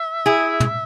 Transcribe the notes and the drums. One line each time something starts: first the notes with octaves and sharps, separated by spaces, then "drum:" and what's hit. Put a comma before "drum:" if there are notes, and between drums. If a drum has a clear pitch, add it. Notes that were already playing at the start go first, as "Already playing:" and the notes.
Already playing: E5
E4 G#4
drum: tom